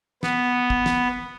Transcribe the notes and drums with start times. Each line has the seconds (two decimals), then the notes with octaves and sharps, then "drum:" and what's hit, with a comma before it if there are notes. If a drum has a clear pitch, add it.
0.23 B3, drum: snare
0.70 drum: kick
0.86 drum: snare